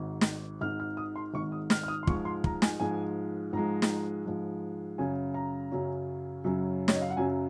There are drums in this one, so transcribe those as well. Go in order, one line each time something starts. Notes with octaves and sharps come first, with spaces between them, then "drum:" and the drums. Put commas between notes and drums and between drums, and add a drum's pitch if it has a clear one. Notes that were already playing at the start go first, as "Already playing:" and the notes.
Already playing: G#1 G#2 D#3
drum: snare
G#1 G#2 D#3 F6
F6
D#6
C6
G#1 G#2 D#3 C#6
D#6
F6, drum: snare
F6
D#6
C6
G#2 F3 G#3 C#6, drum: kick
C6
A#5, drum: kick
G#5, drum: snare
G#2 F3 G#3 G#5
G#2 F3 G#3 A#5
drum: snare
G#2 F3 G#3
F#2 C#3 F#3 C#4 G#5
A#5
F#2 C#3 F#3 C#4
F#2 C#3 F#3 C#4
C#5, drum: snare
D#5
F5
F#5
F#2 C#3 F#3 C#4 G#5